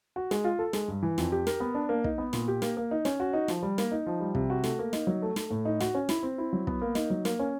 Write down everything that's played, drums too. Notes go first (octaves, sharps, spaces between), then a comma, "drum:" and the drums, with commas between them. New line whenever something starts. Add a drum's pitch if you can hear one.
F#4
G#3, drum: snare
F4
A4
G#3, drum: snare
G2
E3
F2, drum: snare
G4
A#4, drum: snare
B3
D4
A#3
D#4, drum: kick
B3
A#2, drum: snare
G4
A#3, drum: snare
A#3
D#4
C#4, drum: snare
F#4
D#4
F3, drum: snare
G3
A#3, drum: snare
D#4
F3
G3
C3, drum: kick
F#4
A3, drum: snare
A#3
D#4, drum: snare
F#3
A3
A3, drum: snare
A2
D#4
F#4, drum: snare
C#4
E4, drum: snare
C4
E4
F#3
B3, drum: kick
A#3
D#4, drum: snare
F#3
A#3, drum: snare
C#4